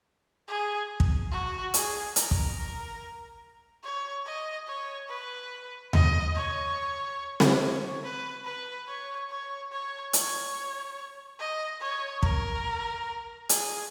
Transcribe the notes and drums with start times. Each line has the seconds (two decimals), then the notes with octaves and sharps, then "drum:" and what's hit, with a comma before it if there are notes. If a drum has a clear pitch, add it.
0.48 G#4
1.00 drum: kick
1.31 F#4
1.74 G#4, drum: hi-hat
2.16 A#4, drum: hi-hat
2.31 drum: kick
3.84 C#5
4.25 D#5
4.67 C#5
5.09 B4
5.93 D#5, drum: tom D#2
6.35 C#5
7.40 drum: snare C4
7.61 C#5
8.03 B4
8.45 B4
8.87 C#5
9.30 C#5
9.71 C#5
10.13 C#5, drum: hi-hat
11.39 D#5
11.81 C#5
12.23 A#4, drum: kick
13.49 G#4, drum: hi-hat